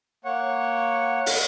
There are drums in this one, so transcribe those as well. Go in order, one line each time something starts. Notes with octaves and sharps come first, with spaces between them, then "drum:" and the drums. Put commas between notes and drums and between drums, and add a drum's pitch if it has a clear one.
A#3 C#5 F#5
drum: open hi-hat